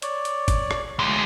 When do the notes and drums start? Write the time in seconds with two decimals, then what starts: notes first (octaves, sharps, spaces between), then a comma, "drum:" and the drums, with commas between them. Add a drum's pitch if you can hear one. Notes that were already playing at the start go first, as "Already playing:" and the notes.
0.02 C#5 D5, drum: hi-hat
0.25 drum: hi-hat
0.48 drum: kick, hi-hat
0.71 drum: rim click
0.99 D2 G#3